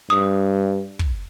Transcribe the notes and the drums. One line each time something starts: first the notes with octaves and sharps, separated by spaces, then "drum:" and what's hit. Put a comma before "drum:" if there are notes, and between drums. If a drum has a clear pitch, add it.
G2 D#6
drum: kick